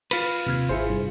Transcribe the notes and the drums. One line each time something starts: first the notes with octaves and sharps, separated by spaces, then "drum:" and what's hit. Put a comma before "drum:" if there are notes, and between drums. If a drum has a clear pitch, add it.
F4 B4, drum: cymbal
D#2 C3 F6 G#6
G#1 E4 G#4 C5 C#7
G2